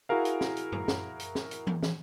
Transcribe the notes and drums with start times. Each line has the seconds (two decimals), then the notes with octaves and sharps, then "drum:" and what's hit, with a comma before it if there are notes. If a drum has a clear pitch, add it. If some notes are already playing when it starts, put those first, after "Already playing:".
0.09 E4 F#4 G#4 A#4 F5
0.25 drum: hi-hat
0.41 drum: snare
0.57 drum: hi-hat
0.72 drum: tom F#2
0.88 drum: snare
1.20 drum: hi-hat
1.35 drum: snare
1.51 drum: hi-hat
1.67 drum: tom E3
1.83 drum: snare